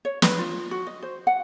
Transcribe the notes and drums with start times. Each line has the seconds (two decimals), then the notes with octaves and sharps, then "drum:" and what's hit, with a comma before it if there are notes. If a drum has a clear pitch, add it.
0.05 C#5
0.22 B4, drum: snare
0.39 F4
0.71 F#4
0.86 D#5
1.02 C5
1.27 F#5